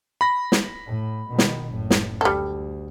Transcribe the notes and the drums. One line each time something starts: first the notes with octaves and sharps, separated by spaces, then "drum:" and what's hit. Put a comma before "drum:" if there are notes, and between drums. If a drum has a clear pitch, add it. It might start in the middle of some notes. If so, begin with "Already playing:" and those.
B5 A#6
drum: snare
A2
B2 D#3
drum: snare
F#1 A2
drum: snare
D2 G3 A4